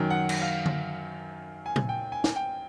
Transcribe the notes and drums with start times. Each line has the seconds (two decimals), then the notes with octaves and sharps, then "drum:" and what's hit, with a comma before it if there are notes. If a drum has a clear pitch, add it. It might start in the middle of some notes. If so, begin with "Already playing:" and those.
Already playing: F#2 D#3 F#3 G5
0.10 F#5
0.29 drum: cymbal
0.41 F5
0.66 drum: tom D3
1.66 G#5
1.76 drum: tom A#2
1.89 G5
2.12 G#5
2.24 drum: snare
2.36 G5